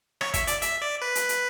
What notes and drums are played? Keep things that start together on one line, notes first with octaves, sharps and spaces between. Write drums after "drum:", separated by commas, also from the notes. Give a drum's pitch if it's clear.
C#5, drum: rim click
E5, drum: kick, hi-hat
D5, drum: hi-hat
E5, drum: hi-hat
D5
B4
drum: hi-hat
drum: hi-hat